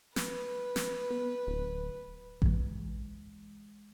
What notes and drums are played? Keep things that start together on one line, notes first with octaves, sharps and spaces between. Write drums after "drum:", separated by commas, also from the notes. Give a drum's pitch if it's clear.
B4, drum: snare
drum: snare
B3
D1
E3 G#3, drum: kick A1